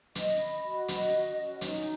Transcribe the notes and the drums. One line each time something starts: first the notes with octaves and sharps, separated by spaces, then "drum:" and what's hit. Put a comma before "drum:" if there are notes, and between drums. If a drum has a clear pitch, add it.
D#5, drum: hi-hat
B5
F#4
D#5, drum: hi-hat
F#4
C#4
D#4, drum: hi-hat